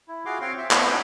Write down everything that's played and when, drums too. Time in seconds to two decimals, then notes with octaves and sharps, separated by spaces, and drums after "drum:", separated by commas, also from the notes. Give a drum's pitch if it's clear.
0.08 E4
0.26 F4 F#4 G#4 F5 C6 D6
0.41 C4 C#5 F5 G5 C6
0.58 E5 C6
0.71 A3 B3 C4 B4 F#5 A#5, drum: clap
0.89 C#4 D#4 F#4 C#5 E5 G5